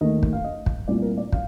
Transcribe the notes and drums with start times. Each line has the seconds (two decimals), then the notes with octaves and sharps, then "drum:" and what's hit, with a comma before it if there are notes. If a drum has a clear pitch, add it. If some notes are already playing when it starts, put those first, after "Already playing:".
0.01 D#2 D#3 A3 D#5
0.23 drum: kick
0.33 F5
0.44 D#5
0.66 drum: kick
0.88 C2 A#2 A3 D5
1.02 A#4
1.17 D5
1.32 F5, drum: kick